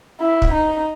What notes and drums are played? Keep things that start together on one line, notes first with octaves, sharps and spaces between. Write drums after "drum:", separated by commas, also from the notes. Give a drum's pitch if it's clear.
E4
drum: kick
D#4